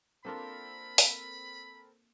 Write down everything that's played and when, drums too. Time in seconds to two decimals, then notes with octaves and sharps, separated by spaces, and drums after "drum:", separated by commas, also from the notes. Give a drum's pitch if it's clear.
0.25 A#3 C4 D4 F4 A4 A#4 B5
0.98 drum: open hi-hat